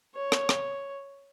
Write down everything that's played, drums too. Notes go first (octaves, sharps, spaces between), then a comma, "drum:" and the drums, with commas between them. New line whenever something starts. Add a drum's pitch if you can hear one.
C#5
drum: rim click
drum: rim click